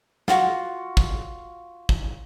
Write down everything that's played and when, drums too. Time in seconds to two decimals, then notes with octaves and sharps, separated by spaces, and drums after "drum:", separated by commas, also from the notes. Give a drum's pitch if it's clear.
0.28 F4 F#4, drum: snare
0.97 drum: kick
1.89 drum: kick